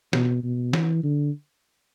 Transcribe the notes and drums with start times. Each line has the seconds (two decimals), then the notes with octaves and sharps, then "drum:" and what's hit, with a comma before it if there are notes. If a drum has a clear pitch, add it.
0.13 B2, drum: snare
0.43 B2
0.73 E3, drum: snare
1.03 D3